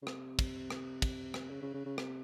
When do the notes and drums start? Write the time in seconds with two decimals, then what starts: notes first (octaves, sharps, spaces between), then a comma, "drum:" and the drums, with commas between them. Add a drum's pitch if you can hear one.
0.02 C#3
0.07 C3, drum: rim click
0.39 drum: kick, cymbal
0.70 drum: rim click
1.02 drum: kick, cymbal
1.34 drum: rim click
1.50 C#3
1.62 C#3
1.74 C#3
1.86 C#3
1.98 C3, drum: rim click